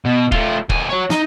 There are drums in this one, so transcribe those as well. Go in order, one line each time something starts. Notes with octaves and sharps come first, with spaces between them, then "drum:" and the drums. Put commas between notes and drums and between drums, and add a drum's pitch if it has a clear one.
B2
A3 F4, drum: kick
D#2 G#5, drum: kick
F#4 C#5
D#4, drum: snare